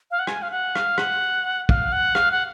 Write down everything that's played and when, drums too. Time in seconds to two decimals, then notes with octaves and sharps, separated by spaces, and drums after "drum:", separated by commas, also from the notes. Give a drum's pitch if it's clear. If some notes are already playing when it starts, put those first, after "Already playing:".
0.11 F5
0.19 F#5
0.27 G#5, drum: rim click
0.42 F5
0.51 F#5
0.75 F5, drum: rim click
0.98 F#5, drum: rim click
1.69 F5, drum: kick
1.92 F#5
2.15 F5, drum: rim click
2.32 F#5